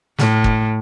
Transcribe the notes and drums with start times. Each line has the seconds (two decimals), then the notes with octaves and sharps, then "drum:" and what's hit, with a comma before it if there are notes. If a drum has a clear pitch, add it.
0.18 A2, drum: snare
0.44 drum: kick